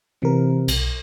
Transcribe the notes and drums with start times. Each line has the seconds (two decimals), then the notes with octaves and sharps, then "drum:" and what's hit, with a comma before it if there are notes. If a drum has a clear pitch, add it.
0.22 C3 E3 A#4
0.68 B1, drum: cymbal